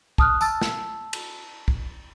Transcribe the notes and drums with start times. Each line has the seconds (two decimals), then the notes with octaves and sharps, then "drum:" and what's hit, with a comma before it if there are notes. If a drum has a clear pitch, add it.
0.18 A5 D#6 F6 F#6, drum: kick
0.41 A5 E6 A6, drum: tambourine
0.61 drum: snare
1.13 drum: cymbal
1.68 drum: kick